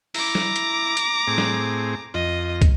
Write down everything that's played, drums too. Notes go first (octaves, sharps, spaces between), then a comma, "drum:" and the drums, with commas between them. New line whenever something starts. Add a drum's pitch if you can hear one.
E4 A#5 D6, drum: open hi-hat
drum: snare G3
drum: hi-hat
drum: hi-hat
A2 C4 G#4
drum: snare G3
F2 F4 D#5
drum: kick, hi-hat